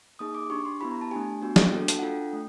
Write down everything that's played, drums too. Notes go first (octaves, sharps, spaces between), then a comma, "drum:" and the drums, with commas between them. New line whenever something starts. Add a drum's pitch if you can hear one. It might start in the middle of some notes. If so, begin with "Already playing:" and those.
A#3 D#4 G#4 D#6
D6
D4 G4 C#6
C6
B3 E4 G4 B5
A#5
A5
A3 D4 G4 G#5
B3 D4 F#4
drum: snare
A#3 D4 F#4 A4 G5
A5, drum: hi-hat
F#5
D4 F4 A4 G5
A3